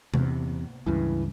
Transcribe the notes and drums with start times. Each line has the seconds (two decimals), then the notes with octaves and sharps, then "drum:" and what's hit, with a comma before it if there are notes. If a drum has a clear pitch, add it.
0.14 E2 C3, drum: tom C3
0.86 C#2 G2 C#3 E3